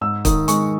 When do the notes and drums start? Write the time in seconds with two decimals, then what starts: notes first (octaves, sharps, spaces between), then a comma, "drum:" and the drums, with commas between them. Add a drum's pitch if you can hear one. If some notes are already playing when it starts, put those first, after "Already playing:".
0.01 G#2 E6
0.25 D#3 D#6, drum: kick, hi-hat
0.48 G#3 C#6, drum: hi-hat